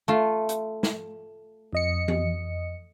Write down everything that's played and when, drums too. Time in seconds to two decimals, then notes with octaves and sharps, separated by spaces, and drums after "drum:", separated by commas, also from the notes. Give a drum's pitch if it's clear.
0.08 A3 F4
0.49 drum: hi-hat
0.83 drum: snare
1.73 F2 D#5 C#7
2.08 drum: tom E3